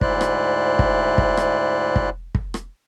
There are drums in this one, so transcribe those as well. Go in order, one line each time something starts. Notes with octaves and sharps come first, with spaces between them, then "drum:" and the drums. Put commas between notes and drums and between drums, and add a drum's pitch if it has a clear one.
D2 G#2 E4 C5 D5 F#6, drum: kick
drum: rim click
drum: kick
drum: kick
drum: rim click
drum: kick
drum: kick
drum: rim click